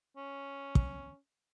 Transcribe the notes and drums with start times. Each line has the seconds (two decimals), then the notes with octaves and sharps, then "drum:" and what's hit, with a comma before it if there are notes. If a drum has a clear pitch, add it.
0.17 C#4
0.75 drum: kick